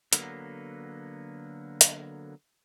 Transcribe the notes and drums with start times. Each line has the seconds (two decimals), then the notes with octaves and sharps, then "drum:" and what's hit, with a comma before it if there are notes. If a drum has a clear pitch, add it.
0.13 D3 F#3 A#3 B3, drum: hi-hat
1.81 drum: hi-hat